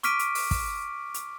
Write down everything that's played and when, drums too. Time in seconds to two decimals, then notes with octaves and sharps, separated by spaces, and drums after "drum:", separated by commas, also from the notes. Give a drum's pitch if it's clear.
0.03 C#6 D6 F6 B6 D7 D#7, drum: hi-hat
0.19 drum: hi-hat
0.35 drum: open hi-hat
0.51 drum: kick, open hi-hat
1.14 drum: hi-hat